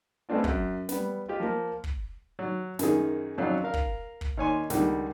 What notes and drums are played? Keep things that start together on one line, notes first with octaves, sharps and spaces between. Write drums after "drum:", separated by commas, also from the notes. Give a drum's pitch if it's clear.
G#3 A3 B3 C4 D4 F4
F#2, drum: kick
G3 B3, drum: snare
F4 G4 D#5
F3 A#3
drum: kick
F#3
F#2 D#3 G#4, drum: snare
F2 F#3 C#4 F4 D5
A#4 F5
drum: kick
drum: kick
D#2 C#5 G#5 C6
C#2 D3 D#3 G3, drum: snare